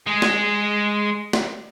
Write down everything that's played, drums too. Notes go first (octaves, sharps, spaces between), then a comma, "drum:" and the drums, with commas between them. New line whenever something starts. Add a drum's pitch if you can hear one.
G#3 G#4
drum: snare
drum: snare